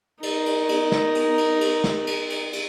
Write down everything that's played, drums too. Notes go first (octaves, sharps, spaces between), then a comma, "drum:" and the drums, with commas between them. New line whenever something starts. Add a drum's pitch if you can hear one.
D#4 A#4, drum: cymbal
drum: cymbal
drum: cymbal
drum: snare
drum: cymbal
drum: cymbal
drum: cymbal
drum: snare
drum: cymbal
drum: cymbal
drum: cymbal